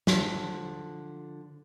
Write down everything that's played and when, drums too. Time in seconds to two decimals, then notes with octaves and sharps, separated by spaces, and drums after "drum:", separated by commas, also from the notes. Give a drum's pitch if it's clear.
0.07 D3 F3, drum: snare